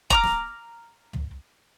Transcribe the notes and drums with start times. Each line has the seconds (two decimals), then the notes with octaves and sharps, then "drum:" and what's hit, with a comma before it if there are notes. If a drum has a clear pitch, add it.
0.10 A#5 D6 F6, drum: kick
0.24 drum: snare
1.13 drum: tom